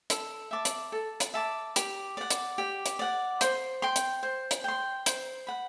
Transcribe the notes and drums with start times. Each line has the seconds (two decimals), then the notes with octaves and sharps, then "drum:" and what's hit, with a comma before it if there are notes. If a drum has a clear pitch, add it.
0.10 A4, drum: hi-hat
0.51 E5 A5 D6
0.65 drum: hi-hat
0.92 A4
1.20 drum: hi-hat
1.34 E5 A5 D6
1.76 G4, drum: hi-hat
2.17 D5 F#5
2.30 drum: hi-hat
2.58 G4
2.86 drum: hi-hat
2.99 D5 F#5
3.41 C5, drum: hi-hat
3.82 G5 C6
3.96 drum: hi-hat
4.23 C5
4.51 drum: hi-hat
4.64 G5 C6
5.06 C5, drum: hi-hat
5.47 F#5 B5